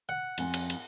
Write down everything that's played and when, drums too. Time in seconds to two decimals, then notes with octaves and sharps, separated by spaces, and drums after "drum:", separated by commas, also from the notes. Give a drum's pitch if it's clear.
0.09 F#5
0.38 F2 G#5, drum: cymbal
0.54 drum: cymbal
0.70 drum: cymbal